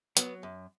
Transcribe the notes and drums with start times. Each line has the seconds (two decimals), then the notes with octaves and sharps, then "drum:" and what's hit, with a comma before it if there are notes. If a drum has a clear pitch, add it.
0.17 F#3 B3, drum: hi-hat
0.43 F#2